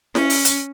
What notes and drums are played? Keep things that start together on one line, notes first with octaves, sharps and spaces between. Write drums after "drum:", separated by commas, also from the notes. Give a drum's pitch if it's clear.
C#4, drum: snare E4
drum: open hi-hat
drum: hi-hat